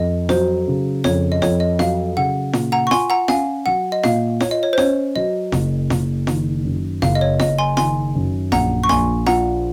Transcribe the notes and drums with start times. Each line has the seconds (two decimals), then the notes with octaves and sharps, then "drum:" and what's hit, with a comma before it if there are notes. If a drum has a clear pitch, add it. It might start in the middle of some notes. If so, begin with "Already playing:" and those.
Already playing: F2 D#5
0.29 F#3 C5, drum: snare F4
0.67 C#3
1.04 F2 C#5, drum: snare F4
1.32 D#5
1.42 F2 C#5, drum: snare F4
1.60 D#5
1.79 F#3 F5, drum: snare F4
2.17 C#3 F#5
2.53 A#2, drum: snare F4
2.72 F#5 A#5
2.87 C#6
2.91 F4 G#5 C6, drum: snare F4
3.10 F#5 A#5
3.28 C#4 F5 G#5, drum: snare F4
3.66 F#3 F#5
3.92 D#5
4.03 A#2 F5, drum: snare F4
4.41 F4 C#5, drum: snare F4
4.51 D#5
4.63 C#5
4.73 C5
4.78 C#4 C#5, drum: snare F4
5.16 F#3 D#5
5.52 F#1, drum: snare F4
5.90 F#1, drum: snare F4
6.27 D#3, drum: snare F4
6.65 F#2
7.02 F#1 F5, drum: snare F4
7.15 D#5
7.21 C#5
7.40 F#1 D#5, drum: snare F4
7.59 G#5 C6
7.77 D#3 G#5 C6, drum: snare F4
8.15 F#2
8.52 A#1 F#5 A#5, drum: snare F4
8.84 C#6
8.89 A#1 G#5 C6, drum: snare F4
9.26 F3 F#5 A#5, drum: snare F4